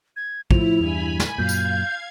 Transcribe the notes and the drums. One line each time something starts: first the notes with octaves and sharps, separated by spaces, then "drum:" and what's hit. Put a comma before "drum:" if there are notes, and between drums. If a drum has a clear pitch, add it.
G#6
A2 F3 E4 F7, drum: kick
E2 G2 G#5 B5
drum: snare
F#2 A#2 F5 G6 G#6
drum: tambourine